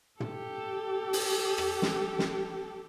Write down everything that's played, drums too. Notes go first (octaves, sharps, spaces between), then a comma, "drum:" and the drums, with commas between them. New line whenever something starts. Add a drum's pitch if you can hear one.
G4 A4, drum: tom
drum: open hi-hat
drum: rim click
drum: snare
drum: snare